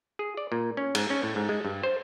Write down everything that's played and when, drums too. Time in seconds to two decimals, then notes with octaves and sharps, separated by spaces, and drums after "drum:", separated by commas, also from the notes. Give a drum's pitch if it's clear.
0.19 G#4
0.37 D5
0.52 A#2
0.77 C#4
0.95 G#2, drum: cymbal
1.10 C#4
1.23 A2
1.36 G#2
1.49 G#3
1.65 G2
1.83 C5